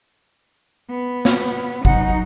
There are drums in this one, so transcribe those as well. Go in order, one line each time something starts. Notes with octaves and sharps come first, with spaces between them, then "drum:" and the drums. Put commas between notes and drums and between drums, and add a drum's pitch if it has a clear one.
B3
drum: snare
F#3 D#4 F#5, drum: kick G#1